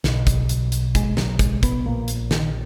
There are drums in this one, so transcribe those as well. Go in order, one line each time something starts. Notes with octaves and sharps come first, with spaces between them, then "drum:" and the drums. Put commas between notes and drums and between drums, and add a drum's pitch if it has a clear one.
B1 B2, drum: snare
drum: kick, hi-hat
drum: hi-hat
drum: hi-hat
G#3, drum: kick, hi-hat
F#3, drum: snare
G#3, drum: kick, hi-hat
B3, drum: kick, hi-hat
A#1 A#2 A#3
drum: hi-hat
D#3, drum: snare